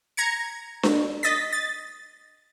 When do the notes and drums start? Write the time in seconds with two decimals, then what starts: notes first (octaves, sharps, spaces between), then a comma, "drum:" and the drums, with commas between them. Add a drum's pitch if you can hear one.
0.17 A#5 G#6 C#7
0.83 drum: snare D4
1.23 D#5 A6 B6
1.53 A6